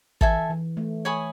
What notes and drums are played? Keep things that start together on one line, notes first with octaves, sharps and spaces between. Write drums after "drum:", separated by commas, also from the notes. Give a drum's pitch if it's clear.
E3 A4 E5 G#5, drum: kick
E3
A3
C#5 G#5 B5 D#6